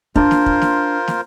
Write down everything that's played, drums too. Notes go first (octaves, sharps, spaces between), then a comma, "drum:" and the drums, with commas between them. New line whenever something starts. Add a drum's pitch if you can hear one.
D4 F4 A#4 C5, drum: kick
drum: snare
drum: kick
drum: snare
drum: snare